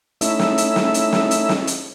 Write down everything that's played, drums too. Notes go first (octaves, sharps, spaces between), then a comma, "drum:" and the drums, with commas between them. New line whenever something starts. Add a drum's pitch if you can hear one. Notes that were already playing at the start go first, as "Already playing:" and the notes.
A3 C#4 D#4 E4 E5, drum: hi-hat
drum: snare
drum: hi-hat
drum: snare
drum: hi-hat
drum: snare
drum: hi-hat
drum: snare
drum: hi-hat